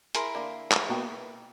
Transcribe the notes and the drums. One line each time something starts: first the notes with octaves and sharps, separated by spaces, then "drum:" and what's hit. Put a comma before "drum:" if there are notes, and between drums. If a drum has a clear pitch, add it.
E4 G#4 A#4 C6, drum: hi-hat
D3 A#3
drum: clap
B2 A#3 B3 F#4 G5